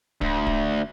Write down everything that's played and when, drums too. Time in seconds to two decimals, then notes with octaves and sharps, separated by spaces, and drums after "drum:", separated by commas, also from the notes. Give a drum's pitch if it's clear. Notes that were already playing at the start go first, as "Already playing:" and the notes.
0.21 D2, drum: kick D1
0.47 drum: kick D1